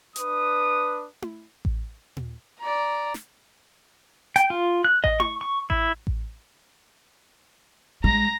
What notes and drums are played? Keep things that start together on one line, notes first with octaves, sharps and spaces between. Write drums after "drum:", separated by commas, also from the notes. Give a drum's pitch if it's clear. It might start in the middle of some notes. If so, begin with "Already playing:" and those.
D4 B4 D#6, drum: hi-hat
drum: tom E4
drum: kick A1
drum: tom A#2
D5 A#5
drum: snare
G5, drum: hi-hat
F4
F#6
D#5, drum: kick A1
C#6, drum: tom E4
C#6
E4, drum: kick A1
drum: kick A1
G#3 A#5 A#6, drum: kick A1